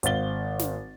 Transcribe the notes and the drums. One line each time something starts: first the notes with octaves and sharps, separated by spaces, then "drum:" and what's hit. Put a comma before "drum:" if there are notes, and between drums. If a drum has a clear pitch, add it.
G#1 C5 F5 A6 G7, drum: hi-hat
drum: snare